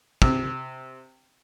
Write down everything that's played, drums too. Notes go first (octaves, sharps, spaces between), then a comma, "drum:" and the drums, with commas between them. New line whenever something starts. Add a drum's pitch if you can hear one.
C3, drum: kick